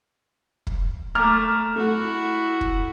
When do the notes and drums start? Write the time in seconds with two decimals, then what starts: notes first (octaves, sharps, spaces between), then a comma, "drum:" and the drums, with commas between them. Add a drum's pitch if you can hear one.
0.67 drum: kick
1.15 A3 A#5 D6 F6
1.76 A3 E4 F#4
2.61 drum: kick